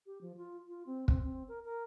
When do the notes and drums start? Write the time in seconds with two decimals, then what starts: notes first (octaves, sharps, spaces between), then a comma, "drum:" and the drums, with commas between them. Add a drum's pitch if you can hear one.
0.06 G4
0.21 F3
0.37 F4
0.68 F4
0.86 C4
1.08 C4, drum: kick
1.24 C4
1.48 A#4
1.65 A#4